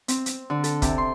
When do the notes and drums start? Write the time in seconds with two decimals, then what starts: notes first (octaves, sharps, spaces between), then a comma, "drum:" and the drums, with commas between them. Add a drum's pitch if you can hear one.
0.08 C4, drum: hi-hat
0.26 drum: hi-hat
0.50 D3
0.64 A4, drum: hi-hat
0.82 C3, drum: kick, hi-hat
0.98 C6